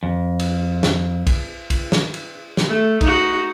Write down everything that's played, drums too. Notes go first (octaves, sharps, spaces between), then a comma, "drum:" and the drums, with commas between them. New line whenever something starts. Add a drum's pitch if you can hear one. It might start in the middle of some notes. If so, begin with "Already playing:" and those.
F2
drum: cymbal
drum: snare
drum: kick, cymbal
drum: kick, cymbal
drum: snare
drum: cymbal
drum: snare
A3
D#4 F#4, drum: kick, cymbal